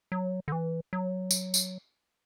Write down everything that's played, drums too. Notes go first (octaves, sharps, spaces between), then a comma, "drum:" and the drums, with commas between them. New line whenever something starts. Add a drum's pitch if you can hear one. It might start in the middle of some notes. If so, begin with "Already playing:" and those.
F#3
D3
E3
F#3
drum: tambourine
drum: tambourine